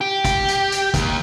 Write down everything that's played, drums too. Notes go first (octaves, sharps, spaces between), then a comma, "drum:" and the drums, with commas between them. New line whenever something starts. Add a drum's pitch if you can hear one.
G4
drum: kick, hi-hat
drum: hi-hat
drum: hi-hat
D#2, drum: kick, hi-hat